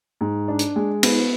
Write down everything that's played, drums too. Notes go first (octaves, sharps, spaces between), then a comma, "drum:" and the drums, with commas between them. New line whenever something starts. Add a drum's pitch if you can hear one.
G#2
D4
drum: hi-hat
G#3
B3, drum: cymbal